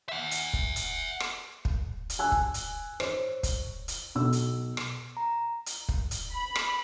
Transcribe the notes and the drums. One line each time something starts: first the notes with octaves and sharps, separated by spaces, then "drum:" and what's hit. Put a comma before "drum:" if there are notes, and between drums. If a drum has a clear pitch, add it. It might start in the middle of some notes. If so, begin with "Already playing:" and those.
E5 F#5
drum: hi-hat
drum: kick
drum: hi-hat
drum: rim click
drum: kick
drum: hi-hat
G#5 E6 F#6
drum: kick
drum: hi-hat
C5 C#5, drum: rim click
drum: kick, hi-hat
drum: hi-hat
B1 E6
drum: hi-hat
drum: rim click
A#5
drum: hi-hat
drum: kick
drum: hi-hat
B5
drum: rim click